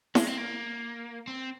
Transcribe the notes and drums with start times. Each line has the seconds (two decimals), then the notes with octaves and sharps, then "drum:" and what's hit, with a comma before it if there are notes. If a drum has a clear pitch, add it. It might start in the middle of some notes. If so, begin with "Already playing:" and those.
0.15 G#3, drum: snare E4
0.27 C4
0.38 A#3
1.27 C4